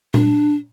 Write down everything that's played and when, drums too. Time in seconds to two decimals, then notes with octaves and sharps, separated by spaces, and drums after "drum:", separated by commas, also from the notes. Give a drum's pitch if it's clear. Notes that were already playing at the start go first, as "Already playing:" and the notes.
0.14 D4, drum: tom A#2